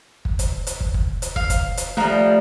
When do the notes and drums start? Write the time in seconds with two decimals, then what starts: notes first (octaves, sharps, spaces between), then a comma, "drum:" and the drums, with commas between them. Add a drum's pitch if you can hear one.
0.25 drum: kick
0.39 drum: kick, hi-hat
0.67 drum: hi-hat
0.80 drum: kick
0.94 drum: kick
1.22 drum: hi-hat
1.36 F5, drum: kick
1.50 drum: kick, hi-hat
1.77 drum: hi-hat
1.97 F3 G3 A3 F5 A#5